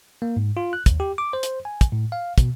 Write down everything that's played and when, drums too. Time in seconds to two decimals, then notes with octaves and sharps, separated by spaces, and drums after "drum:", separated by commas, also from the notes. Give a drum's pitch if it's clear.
0.22 A#3
0.37 G#2
0.57 F4
0.73 F#6
0.86 D#2, drum: kick, hi-hat
1.00 G4
1.18 D6
1.33 C5
1.43 drum: hi-hat
1.65 G#5
1.81 drum: kick, hi-hat
1.92 A2
2.12 F5
2.38 B2, drum: kick, hi-hat